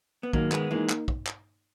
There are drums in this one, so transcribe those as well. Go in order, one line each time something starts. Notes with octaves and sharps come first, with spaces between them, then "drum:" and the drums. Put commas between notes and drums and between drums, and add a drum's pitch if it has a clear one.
B3
D#3 F#3 A#3, drum: kick
G#3 B3, drum: clap
E3 G#3 A#3 D#4
drum: clap
drum: kick
drum: clap